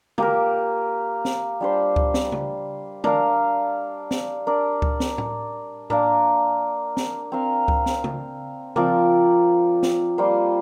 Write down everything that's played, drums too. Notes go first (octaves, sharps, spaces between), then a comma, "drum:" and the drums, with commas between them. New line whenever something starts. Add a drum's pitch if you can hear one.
A#3 G4 A#4, drum: tom
drum: snare
G3 D4 G4 C5
drum: kick C#2
drum: snare
drum: tom C#3
D4 A#4 F5, drum: tom
drum: snare
D4 A#4 D5
drum: kick C#2
drum: snare
drum: tom A2
A#3 D4 A#4, drum: tom A2
drum: snare
C4 A#4 F5
drum: kick C#2
drum: snare
drum: tom C#3
F3 C4 A#4 D5, drum: tom C#3
drum: snare
G3 A#3 F4 C5